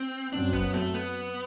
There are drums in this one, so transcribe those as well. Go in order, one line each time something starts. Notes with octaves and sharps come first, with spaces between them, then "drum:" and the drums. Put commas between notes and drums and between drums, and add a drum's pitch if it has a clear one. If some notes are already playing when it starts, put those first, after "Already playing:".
Already playing: C4
F#2 F#3 C4 D4
B3, drum: kick E1, hi-hat
A3, drum: snare
B3, drum: hi-hat